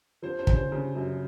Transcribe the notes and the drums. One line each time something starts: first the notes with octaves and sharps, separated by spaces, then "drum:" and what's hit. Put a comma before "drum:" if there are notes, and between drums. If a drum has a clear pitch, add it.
F3 C5
C5
C#3, drum: kick
C5
C#3
F#2